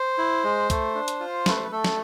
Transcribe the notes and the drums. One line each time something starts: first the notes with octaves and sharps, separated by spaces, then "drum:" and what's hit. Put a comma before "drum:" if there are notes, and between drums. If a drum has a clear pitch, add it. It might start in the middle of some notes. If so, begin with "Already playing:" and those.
Already playing: C5
E4
G#3
A3, drum: kick C2, hi-hat
D4
drum: hi-hat
F4
A3 B4, drum: snare
C5
B4
A3 A4
drum: snare